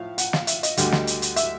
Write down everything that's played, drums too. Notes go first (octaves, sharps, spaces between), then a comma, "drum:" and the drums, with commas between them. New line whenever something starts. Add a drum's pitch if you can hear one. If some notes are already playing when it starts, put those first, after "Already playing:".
Already playing: A2 F3 E5 F5
F#5, drum: hi-hat
F5, drum: snare
E5, drum: hi-hat
D#5, drum: hi-hat
D2 D3 G3, drum: hi-hat
drum: snare
drum: hi-hat
drum: hi-hat
E5, drum: hi-hat